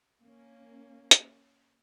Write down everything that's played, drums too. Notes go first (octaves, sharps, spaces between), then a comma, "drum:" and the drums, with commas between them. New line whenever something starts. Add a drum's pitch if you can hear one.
A#3 C#4
drum: hi-hat